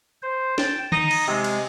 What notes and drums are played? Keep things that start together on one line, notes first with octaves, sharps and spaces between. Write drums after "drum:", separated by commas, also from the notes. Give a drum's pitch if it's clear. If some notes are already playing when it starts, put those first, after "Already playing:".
C5
G5 A5, drum: snare
D#4 D#6 A#6, drum: tom D3
drum: cymbal
C3 G#3
drum: cymbal